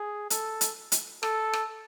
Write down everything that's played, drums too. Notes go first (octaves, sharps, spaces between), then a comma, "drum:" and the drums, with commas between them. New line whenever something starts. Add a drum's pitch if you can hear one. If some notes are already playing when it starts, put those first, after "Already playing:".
Already playing: G#4
A4, drum: hi-hat
drum: hi-hat
drum: hi-hat
A4, drum: rim click
drum: rim click